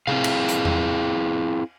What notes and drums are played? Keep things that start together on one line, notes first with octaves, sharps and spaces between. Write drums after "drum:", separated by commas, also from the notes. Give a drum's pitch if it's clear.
C4 E4 G#4 F5, drum: tom C3
drum: cymbal
drum: hi-hat
drum: tom E2